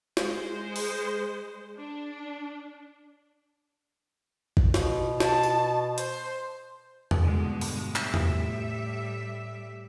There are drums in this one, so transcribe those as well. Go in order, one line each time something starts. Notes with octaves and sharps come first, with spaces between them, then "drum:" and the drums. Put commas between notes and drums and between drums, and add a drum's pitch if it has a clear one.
G#3 C5, drum: snare
drum: open hi-hat
D4
drum: kick A1
B2, drum: snare
A5, drum: snare
drum: tambourine
C5, drum: hi-hat
drum: tom E2
G2 B2 D3 G#3
drum: open hi-hat
A2 G3 E5, drum: clap
drum: tom E2